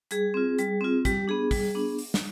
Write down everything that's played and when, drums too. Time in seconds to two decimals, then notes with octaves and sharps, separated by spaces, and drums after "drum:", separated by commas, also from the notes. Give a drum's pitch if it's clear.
0.11 G3 G#4, drum: hi-hat
0.34 C4 F4
0.59 G3, drum: hi-hat
0.81 C4 F4
1.05 G3 G4, drum: kick, hi-hat
1.28 B3 D4 G#4
1.51 G3, drum: kick, open hi-hat
1.75 B3 D4
1.98 drum: open hi-hat
2.14 drum: snare